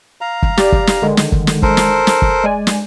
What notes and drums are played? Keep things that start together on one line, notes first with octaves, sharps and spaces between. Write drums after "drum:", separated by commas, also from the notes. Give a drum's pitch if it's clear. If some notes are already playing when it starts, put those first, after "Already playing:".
F5 A#5
drum: kick
G4 D5, drum: snare
drum: kick
drum: snare
D3 D#3 G#3
drum: snare
drum: kick
drum: snare
A4 A#4 C5, drum: kick
drum: snare
drum: snare
drum: kick
G#3 D5 G#5
drum: snare